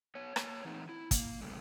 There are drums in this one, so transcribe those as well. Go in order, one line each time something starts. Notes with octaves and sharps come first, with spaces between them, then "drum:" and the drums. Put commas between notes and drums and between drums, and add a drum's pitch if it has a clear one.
B3 C#5
A#3 C#5, drum: rim click
E3 C4 D#4
E4
A#3, drum: kick, hi-hat
C#3 G3 A3